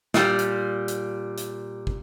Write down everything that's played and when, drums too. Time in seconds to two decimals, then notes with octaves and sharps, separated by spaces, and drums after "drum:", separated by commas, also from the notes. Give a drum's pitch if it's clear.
0.14 A#2 G3, drum: snare
0.39 drum: hi-hat
0.88 drum: hi-hat
1.38 drum: hi-hat
1.87 drum: kick